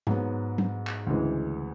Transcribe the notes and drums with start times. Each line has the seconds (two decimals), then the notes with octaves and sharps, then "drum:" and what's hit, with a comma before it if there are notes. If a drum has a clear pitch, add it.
0.07 G#2 F#3 B3, drum: tom G#2
0.58 drum: tom F#3
0.87 drum: clap
1.07 D2 C#3 E3 G#3